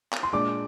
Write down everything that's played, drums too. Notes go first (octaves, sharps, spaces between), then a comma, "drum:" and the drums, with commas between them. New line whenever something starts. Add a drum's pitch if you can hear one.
drum: clap
C6
A#2 G#3 D4 D6